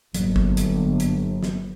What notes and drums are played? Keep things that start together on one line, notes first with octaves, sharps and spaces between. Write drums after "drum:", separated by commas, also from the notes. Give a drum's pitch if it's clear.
G1 F#3 A#3, drum: hi-hat
drum: kick
drum: hi-hat
drum: hi-hat
drum: snare